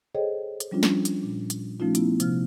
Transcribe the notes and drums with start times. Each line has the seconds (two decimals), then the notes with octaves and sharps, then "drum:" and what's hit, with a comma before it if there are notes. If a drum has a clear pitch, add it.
0.15 G#4 A4 C5 C#5 D#5 G5
0.60 drum: hi-hat
0.71 F3 G3 C#4 D4 F4
0.83 drum: snare
1.05 drum: hi-hat
1.23 A#2
1.50 drum: hi-hat
1.80 F3 A3 C#4 D#4 F4
1.95 B3 E4, drum: hi-hat
2.20 C3 F3 F6, drum: hi-hat